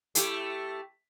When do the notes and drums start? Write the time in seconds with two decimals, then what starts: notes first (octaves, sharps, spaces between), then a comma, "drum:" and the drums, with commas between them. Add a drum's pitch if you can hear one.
0.15 A3 E4 G4, drum: hi-hat